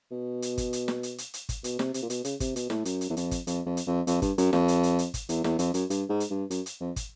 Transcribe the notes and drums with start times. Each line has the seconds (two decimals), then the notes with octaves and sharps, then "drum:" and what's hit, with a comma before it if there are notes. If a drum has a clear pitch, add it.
0.12 B2
0.42 drum: hi-hat
0.58 drum: kick, hi-hat
0.73 drum: hi-hat
0.88 drum: snare
1.03 drum: hi-hat
1.18 drum: hi-hat
1.34 drum: hi-hat
1.49 drum: kick, hi-hat
1.64 B2, drum: hi-hat
1.79 C3, drum: snare
1.94 C3, drum: hi-hat
2.03 A#2
2.10 B2, drum: hi-hat
2.25 C#3, drum: hi-hat
2.40 C3, drum: kick, hi-hat
2.56 B2, drum: hi-hat
2.70 A2, drum: snare
2.85 F#2, drum: hi-hat
3.01 drum: hi-hat
3.10 E2
3.17 F2, drum: hi-hat
3.31 drum: kick, hi-hat
3.47 F2, drum: hi-hat
3.66 F2
3.77 drum: hi-hat
3.87 F2
4.07 F2, drum: hi-hat
4.22 G2, drum: kick, hi-hat
4.38 F#2, drum: hi-hat
4.53 F2, drum: snare
4.68 drum: hi-hat
4.83 drum: hi-hat
4.99 drum: hi-hat
5.14 drum: kick, hi-hat
5.29 E2, drum: hi-hat
5.44 E2, drum: snare
5.59 F2, drum: hi-hat
5.74 F#2, drum: hi-hat
5.90 G2, drum: hi-hat
6.09 G#2
6.20 drum: hi-hat
6.31 G2
6.51 F#2, drum: hi-hat
6.66 drum: hi-hat
6.80 F2
6.96 drum: kick, hi-hat